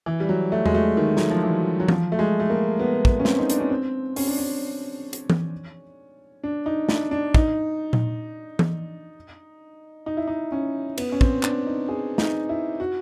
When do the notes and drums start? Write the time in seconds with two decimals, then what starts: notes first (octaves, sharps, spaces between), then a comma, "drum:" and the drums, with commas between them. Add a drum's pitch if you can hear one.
0.06 E3
0.20 G3
0.29 F#3
0.52 A3
0.66 G#3, drum: tom E2
0.75 A3
0.97 D#3
1.17 F#3, drum: snare
1.30 F3
1.43 E3
1.80 F#3
1.88 F3, drum: tom E3
2.12 A3
2.19 G#3
2.39 A3
2.50 A#3
2.79 B3
3.05 drum: kick
3.20 C#4
3.25 C4, drum: snare
3.39 D#4
3.50 D4, drum: hi-hat
3.60 C#4
3.70 C4
4.16 C#4, drum: open hi-hat
4.27 D4
4.38 C#4
5.13 drum: hi-hat
5.30 drum: tom E3
6.43 D4
6.66 D#4
6.89 D4, drum: snare
7.11 D4
7.34 D#4, drum: kick
7.93 drum: tom A#2
8.59 drum: tom E3
10.06 D#4
10.17 E4
10.27 D#4
10.52 C#4
10.98 B3, drum: cymbal
11.12 C#4
11.21 C4, drum: kick
11.43 D4, drum: clap
11.66 D#4
11.89 G#4
12.18 D#4, drum: snare
12.49 E4
12.80 F#4